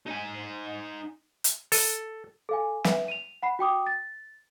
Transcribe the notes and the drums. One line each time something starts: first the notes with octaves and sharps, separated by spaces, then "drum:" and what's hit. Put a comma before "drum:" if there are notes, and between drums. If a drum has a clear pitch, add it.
D#4 G#5
drum: hi-hat
A4, drum: open hi-hat
A4 F5 G#5
B4 E5, drum: snare
D#7 F7
F#5 B5 C7
F#4 G5 D6 D#6
A6